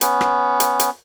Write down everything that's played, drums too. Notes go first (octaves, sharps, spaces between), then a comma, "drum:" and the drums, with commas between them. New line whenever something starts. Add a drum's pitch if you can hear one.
B3 C#4, drum: hi-hat
drum: rim click
drum: hi-hat
drum: hi-hat